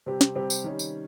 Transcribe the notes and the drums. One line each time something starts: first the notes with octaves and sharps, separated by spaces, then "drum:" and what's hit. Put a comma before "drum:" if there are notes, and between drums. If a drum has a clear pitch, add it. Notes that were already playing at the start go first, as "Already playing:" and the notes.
C3 G3 C4 G4
drum: snare
C3 G3 C4 G4
drum: tambourine
D#3 G3 C#4
drum: tambourine